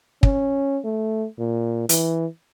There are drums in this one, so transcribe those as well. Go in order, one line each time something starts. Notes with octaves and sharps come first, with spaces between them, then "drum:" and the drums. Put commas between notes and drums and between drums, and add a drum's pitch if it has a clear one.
C#4, drum: kick
A3
A#2
E3, drum: hi-hat